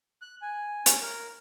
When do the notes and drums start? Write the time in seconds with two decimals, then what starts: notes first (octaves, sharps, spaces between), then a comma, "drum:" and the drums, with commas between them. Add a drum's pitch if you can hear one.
0.22 F#6
0.42 G#5
0.86 C#4, drum: hi-hat
1.01 A#4